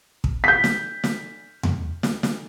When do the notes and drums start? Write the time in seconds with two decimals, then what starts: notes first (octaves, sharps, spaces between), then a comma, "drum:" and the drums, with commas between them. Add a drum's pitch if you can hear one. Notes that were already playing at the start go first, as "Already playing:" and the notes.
0.24 drum: kick
0.44 G6 B6
0.64 drum: snare
1.04 drum: snare
1.63 drum: tom E2
2.03 drum: snare
2.23 drum: snare